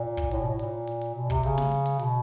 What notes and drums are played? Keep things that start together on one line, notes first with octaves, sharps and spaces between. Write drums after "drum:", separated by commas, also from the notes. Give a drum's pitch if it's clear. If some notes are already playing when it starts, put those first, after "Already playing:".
Already playing: A#2
drum: kick, hi-hat
A2, drum: hi-hat
B2
A2
A#2, drum: hi-hat
drum: hi-hat
drum: hi-hat
B2
C3, drum: kick, hi-hat
C#3, drum: hi-hat
drum: snare
drum: hi-hat
drum: open hi-hat
B2, drum: hi-hat